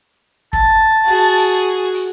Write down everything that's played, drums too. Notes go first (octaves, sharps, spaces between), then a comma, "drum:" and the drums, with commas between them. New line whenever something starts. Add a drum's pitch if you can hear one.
A5, drum: kick
F#4 G#4
drum: hi-hat
drum: hi-hat